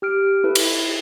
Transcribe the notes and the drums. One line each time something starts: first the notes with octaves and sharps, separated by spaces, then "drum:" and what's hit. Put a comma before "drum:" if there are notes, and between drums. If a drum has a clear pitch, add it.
G4 F6 D7
E4 A4 B4
drum: cymbal